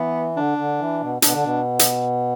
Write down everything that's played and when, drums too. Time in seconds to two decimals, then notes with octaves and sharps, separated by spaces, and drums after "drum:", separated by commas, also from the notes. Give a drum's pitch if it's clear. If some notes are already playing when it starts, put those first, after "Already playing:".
Already playing: E3 B3
0.36 D3 D4
0.58 D3
0.79 E3
1.01 B2
1.22 B2 D4, drum: hi-hat
1.33 D3
1.44 B2
1.79 drum: hi-hat